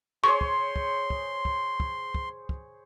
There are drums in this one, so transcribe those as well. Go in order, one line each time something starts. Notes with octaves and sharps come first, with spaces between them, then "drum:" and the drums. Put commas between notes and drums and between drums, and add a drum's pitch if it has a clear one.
G#4 C5 C#5 C6 C#6
drum: kick
drum: kick
drum: kick
drum: kick
drum: kick
drum: kick
drum: kick